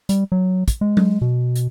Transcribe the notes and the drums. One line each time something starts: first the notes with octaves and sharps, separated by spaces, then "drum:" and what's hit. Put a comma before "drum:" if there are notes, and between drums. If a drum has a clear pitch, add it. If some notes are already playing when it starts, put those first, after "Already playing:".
G3, drum: hi-hat
F#3
drum: kick, hi-hat
G#3
drum: tom F#3
B2
drum: hi-hat